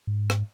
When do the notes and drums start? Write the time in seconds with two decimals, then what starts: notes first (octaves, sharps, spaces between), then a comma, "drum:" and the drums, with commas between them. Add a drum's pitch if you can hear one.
0.07 G#2
0.30 drum: rim click